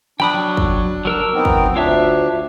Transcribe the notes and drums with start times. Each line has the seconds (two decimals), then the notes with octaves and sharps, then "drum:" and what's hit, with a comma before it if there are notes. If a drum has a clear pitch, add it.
0.20 D4 G5 B5 D#6, drum: snare
0.34 F#3
0.57 drum: kick
1.05 F#3 A#4 E6
1.34 B3 C4 D#4
1.45 drum: kick
1.76 D2 D4 F4 C#5 E5